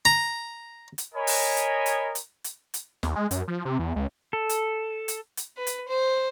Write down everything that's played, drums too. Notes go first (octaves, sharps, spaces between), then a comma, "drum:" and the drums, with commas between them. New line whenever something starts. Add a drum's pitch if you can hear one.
A#5
drum: hi-hat
A#4 C#5 D#5 G#5 B5
drum: open hi-hat
drum: hi-hat
drum: hi-hat
drum: hi-hat
drum: hi-hat
drum: hi-hat
D#2, drum: snare
G#3
F#2, drum: hi-hat
F3
C3
E2
C#2
A4
drum: hi-hat
drum: hi-hat
drum: hi-hat
B4
drum: hi-hat
C5